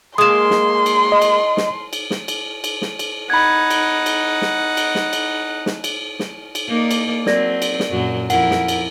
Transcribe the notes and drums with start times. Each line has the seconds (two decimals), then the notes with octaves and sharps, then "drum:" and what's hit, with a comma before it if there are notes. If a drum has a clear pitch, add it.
0.18 G#3 A#3 C6 D#6 E7
0.50 drum: snare
0.86 drum: cymbal
1.12 D#5
1.22 drum: cymbal
1.57 drum: snare
1.93 drum: cymbal
2.10 drum: snare
2.28 drum: cymbal
2.64 drum: cymbal
2.82 drum: snare
2.99 drum: cymbal
3.30 D#4 F#5 B5 G#6
3.70 drum: cymbal
4.06 drum: cymbal
4.42 drum: snare
4.77 drum: cymbal
4.95 drum: snare
5.13 drum: cymbal
5.66 drum: snare
5.84 drum: cymbal
6.19 drum: snare
6.55 drum: cymbal
6.68 A#3 D#4 D5
6.91 drum: cymbal
7.26 F#3 C4 A#4 D5 A#6, drum: snare
7.62 drum: cymbal
7.80 drum: snare
7.91 F#2 A#2 F#3
8.30 F2 E4 A#4 F#5, drum: cymbal
8.51 drum: snare
8.68 drum: cymbal